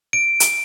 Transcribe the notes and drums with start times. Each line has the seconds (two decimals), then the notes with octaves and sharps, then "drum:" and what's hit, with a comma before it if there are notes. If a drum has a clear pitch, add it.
0.13 D7
0.40 drum: hi-hat